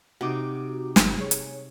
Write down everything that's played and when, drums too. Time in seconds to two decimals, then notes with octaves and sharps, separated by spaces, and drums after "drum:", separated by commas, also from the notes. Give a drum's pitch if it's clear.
0.21 C3 D#4 F#4 D6
0.96 G1, drum: snare
1.18 G#4 C#5
1.31 drum: hi-hat